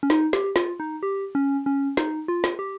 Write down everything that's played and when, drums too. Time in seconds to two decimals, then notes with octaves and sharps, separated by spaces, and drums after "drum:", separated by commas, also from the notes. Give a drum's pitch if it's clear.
0.03 C#4
0.10 D#4, drum: snare
0.33 G4, drum: snare
0.56 F4, drum: snare
0.80 D#4
1.03 G4
1.35 C#4
1.66 C#4
1.97 D#4, drum: snare
2.28 F4
2.44 drum: snare
2.59 G4